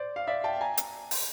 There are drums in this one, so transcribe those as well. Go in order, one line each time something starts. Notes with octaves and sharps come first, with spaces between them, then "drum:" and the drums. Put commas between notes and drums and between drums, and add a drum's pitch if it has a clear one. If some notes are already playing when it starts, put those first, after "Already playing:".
Already playing: C5 D5
F5
D5 E5
G5 A5
G#5 A#5
drum: hi-hat
drum: open hi-hat